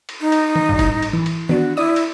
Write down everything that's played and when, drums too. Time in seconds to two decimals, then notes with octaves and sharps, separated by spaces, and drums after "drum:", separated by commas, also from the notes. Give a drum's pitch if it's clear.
0.09 drum: cymbal
0.21 D#4
0.32 drum: cymbal
0.56 drum: tom D#3
0.69 A1 G2
0.79 drum: kick F1, cymbal
1.02 drum: cymbal
1.13 E3
1.26 drum: cymbal
1.49 B3 D4 F#4, drum: tom D#3
1.77 E4 D5 D#6
1.96 drum: cymbal